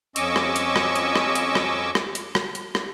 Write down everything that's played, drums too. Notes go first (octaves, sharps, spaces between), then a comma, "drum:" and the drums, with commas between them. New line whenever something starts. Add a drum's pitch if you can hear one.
F2 C#4 D#5 C#6 D6 E6, drum: hi-hat
drum: rim click
drum: hi-hat
drum: rim click
drum: hi-hat
drum: rim click
drum: hi-hat
drum: rim click
drum: rim click
drum: hi-hat
drum: rim click
drum: hi-hat
drum: rim click